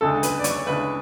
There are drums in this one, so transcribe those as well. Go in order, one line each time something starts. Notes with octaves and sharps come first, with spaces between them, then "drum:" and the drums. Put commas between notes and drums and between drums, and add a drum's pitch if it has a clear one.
D2 C#3 G#3 D4 A4
B4, drum: hi-hat
D5
C#5, drum: hi-hat
D2 C#3 G#3 D4 B4